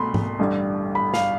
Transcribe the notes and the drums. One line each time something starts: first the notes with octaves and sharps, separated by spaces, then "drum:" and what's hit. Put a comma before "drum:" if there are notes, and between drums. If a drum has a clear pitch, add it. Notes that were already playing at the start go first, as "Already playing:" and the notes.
Already playing: C2 B2 A3 B5 C6
drum: tom G#2
A1 G2 D3 G3
B5
F5, drum: snare